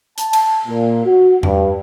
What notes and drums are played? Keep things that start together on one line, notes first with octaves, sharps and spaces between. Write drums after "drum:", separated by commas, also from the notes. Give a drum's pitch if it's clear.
A5, drum: hi-hat
drum: cymbal
A#2
F#4
G2, drum: tom E2